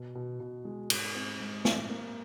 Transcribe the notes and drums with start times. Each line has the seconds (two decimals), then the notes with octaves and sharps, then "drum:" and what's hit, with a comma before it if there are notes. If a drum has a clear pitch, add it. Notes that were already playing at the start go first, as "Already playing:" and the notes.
Already playing: B2
0.15 B2
0.40 B2
0.65 G#3
0.90 G#2, drum: cymbal
1.15 C4
1.40 G#2
1.65 C4, drum: snare
1.90 A#3